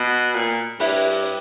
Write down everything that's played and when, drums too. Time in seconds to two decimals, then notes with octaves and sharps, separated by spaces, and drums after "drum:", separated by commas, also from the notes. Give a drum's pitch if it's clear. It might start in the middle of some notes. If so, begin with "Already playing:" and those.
Already playing: B2
0.35 A#2
0.80 G2 E4 G4 B4, drum: open hi-hat